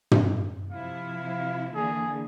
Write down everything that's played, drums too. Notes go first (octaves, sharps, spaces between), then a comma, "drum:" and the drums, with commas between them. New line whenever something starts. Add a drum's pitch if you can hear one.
drum: tom
C3 F3 E4 F5
D3 E3 A#3 G#4